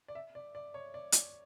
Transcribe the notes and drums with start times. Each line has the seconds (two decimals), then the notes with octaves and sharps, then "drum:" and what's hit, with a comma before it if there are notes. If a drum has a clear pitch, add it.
0.08 D5
0.15 E5
0.35 D5
0.55 D5
0.74 C#5
0.94 D5
1.12 drum: hi-hat